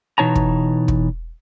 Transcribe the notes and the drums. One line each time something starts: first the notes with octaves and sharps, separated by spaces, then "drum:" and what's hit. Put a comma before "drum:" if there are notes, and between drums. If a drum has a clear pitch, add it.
B2 E3 D#4 C#5 A5 A#5
drum: kick
drum: kick